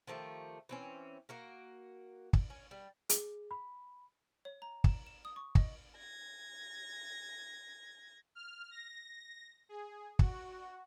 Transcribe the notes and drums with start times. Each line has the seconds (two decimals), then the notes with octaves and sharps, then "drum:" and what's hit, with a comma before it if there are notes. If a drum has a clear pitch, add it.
0.07 D#3 F3 A3 G4
0.69 E3 C4 C#4
1.29 A#3 F#4 A#4
2.33 drum: kick
2.50 C#4
2.71 G3
3.09 G#4, drum: hi-hat
3.51 B5
4.45 C#5
4.62 A#5
4.84 E7, drum: kick
5.07 E7
5.25 D#6
5.36 C#6
5.55 D#5, drum: kick
5.97 G#6 A#6
8.35 F6
8.71 A#6
9.69 G#4
10.19 F#4, drum: kick